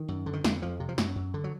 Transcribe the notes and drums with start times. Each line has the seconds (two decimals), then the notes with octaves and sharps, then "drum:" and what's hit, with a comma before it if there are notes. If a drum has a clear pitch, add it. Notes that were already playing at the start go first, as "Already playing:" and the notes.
Already playing: D#3
0.08 F#2
0.26 D3
0.33 D#3
0.44 F2 D3, drum: snare
0.62 F2 F3
0.80 C3
0.89 F3
0.98 F#2 F#3, drum: snare
1.16 F#2
1.34 D3
1.44 F#3